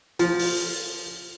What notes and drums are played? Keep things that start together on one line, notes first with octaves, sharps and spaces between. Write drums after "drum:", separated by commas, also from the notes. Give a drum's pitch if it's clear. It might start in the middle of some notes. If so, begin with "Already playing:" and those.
F3, drum: hi-hat
drum: open hi-hat